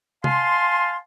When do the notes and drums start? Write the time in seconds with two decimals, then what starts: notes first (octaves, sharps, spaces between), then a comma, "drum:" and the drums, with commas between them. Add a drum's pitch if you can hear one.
0.24 F5 G#5 A5 C6, drum: tom C3